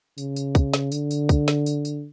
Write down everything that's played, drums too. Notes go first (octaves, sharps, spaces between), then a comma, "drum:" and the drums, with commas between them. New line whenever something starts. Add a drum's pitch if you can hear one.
C#3, drum: tambourine
drum: tambourine
drum: kick, tambourine
drum: snare
D3, drum: tambourine
drum: tambourine
drum: kick, tambourine
drum: snare
drum: tambourine
drum: tambourine